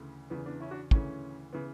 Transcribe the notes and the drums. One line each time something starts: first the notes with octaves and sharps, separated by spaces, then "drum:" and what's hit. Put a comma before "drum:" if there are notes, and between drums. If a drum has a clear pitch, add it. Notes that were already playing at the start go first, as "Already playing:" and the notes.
Already playing: D2 C#3 E3
E2 C#3 E3 B3
B3 D4
C#4 E4
D4 F#4
D2 C#3 E3 C#4, drum: kick
C#3 E3 B3